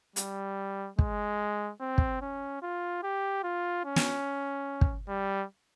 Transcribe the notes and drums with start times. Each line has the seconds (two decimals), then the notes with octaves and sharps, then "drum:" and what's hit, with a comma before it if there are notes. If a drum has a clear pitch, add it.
0.16 G3, drum: hi-hat
0.99 G#3, drum: kick
1.80 C4
1.98 drum: kick
2.21 C#4
2.62 F4
3.03 G4
3.43 F4
3.85 C#4
3.96 drum: snare
4.81 drum: kick
5.08 G3